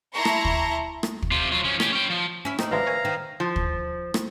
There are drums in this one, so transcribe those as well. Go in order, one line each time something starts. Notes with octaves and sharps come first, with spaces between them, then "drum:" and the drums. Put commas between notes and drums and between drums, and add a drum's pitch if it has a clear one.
E4 A5 A#5 C6 C#6
drum: rim click
drum: kick
drum: rim click
drum: kick
C3 F4
F#3 F4
F3 C#4
C#4 G4, drum: rim click
C#4 G5
F3
C#4 E4
C4 D#4 E4, drum: rim click
A1 D3 G#3 B4 E5 F5 A#5 D#6
A#4 C#5 D5 G#5
D#3
F3
drum: kick
drum: rim click